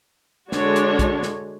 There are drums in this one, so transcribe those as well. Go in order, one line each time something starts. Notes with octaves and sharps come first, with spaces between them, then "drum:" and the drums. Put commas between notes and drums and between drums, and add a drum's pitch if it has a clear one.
D3 G#3 D4 F#4 C#5, drum: snare
drum: hi-hat
drum: kick, hi-hat
drum: snare